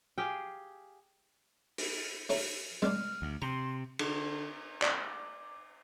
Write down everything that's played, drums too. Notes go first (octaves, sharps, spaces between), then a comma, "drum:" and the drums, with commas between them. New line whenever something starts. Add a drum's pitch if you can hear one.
G4 G#4 F5 G5
drum: open hi-hat
A3 C#4 A#4, drum: open hi-hat
G#3 D4 F6, drum: tom G3
D2
C3 A#5 C6
D3, drum: cymbal
D5 D6, drum: clap